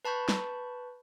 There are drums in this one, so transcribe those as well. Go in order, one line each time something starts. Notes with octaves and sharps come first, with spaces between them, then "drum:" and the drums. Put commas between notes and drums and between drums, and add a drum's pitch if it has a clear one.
B4 A5 B5 C#6 G6
drum: snare